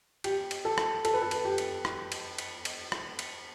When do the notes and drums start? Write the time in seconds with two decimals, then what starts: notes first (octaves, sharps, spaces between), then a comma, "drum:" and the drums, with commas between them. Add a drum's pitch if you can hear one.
0.24 G4, drum: cymbal
0.51 drum: cymbal
0.65 A4
0.78 drum: rim click
1.05 A4, drum: cymbal
1.14 B4
1.22 A4
1.31 drum: cymbal
1.45 G4
1.58 drum: cymbal
1.85 drum: rim click
2.12 drum: cymbal
2.38 drum: cymbal
2.65 drum: cymbal
2.92 drum: rim click
3.19 drum: cymbal